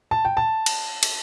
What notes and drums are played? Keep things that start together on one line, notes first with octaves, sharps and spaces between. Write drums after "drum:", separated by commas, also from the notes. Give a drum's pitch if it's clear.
A5
G5
A5
drum: cymbal
drum: cymbal